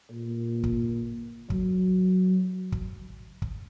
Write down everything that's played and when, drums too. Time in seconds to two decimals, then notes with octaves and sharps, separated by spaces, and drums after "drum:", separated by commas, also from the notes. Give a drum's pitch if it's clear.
0.11 A#2
0.64 drum: kick
1.50 F#3, drum: kick
2.72 drum: kick
3.42 drum: kick